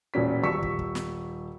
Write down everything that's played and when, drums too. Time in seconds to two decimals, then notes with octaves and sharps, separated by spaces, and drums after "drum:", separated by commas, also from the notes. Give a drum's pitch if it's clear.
0.14 E1 A#2 C#4 B6
0.43 D#1 C#6 E6 B6 C#7
0.62 drum: kick
0.79 drum: kick
0.95 drum: snare